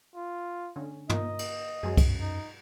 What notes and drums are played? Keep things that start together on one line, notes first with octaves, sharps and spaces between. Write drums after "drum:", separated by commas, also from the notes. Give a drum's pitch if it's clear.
F4
D3 C#4
A#3 D#4 F4 D#5, drum: tom
drum: cymbal
F#2 F#3 G#3 G#4
drum: kick C2, cymbal
D#4